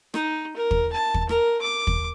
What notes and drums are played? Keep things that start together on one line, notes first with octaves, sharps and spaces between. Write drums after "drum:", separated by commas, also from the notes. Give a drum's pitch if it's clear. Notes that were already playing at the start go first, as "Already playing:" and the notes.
D#4, drum: rim click
A#4
drum: kick
A5
drum: kick
A#4, drum: rim click
D6
drum: kick